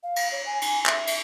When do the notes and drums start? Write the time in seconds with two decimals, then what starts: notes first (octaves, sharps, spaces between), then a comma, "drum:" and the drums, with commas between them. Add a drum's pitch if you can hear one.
0.03 F5
0.16 drum: cymbal
0.32 C#5
0.46 G#5
0.62 G#5, drum: cymbal
0.86 E5, drum: clap
1.07 drum: cymbal